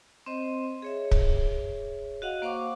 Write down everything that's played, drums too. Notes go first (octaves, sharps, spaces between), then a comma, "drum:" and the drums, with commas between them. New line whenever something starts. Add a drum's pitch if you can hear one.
C4 C5 D#5
G#4 C#5 E5
drum: kick
F#4 D#5 F5 F#5
A#3 C5 F5 C#6 D6